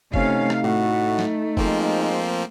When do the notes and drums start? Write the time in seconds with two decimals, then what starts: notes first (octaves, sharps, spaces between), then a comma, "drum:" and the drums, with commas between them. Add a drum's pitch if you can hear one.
0.14 C3 A3 C#4 D#4 F5, drum: kick
0.50 drum: rim click
0.64 A2 A3 F#4
1.19 drum: snare F#3
1.57 F3 G#3 A#3 C4, drum: kick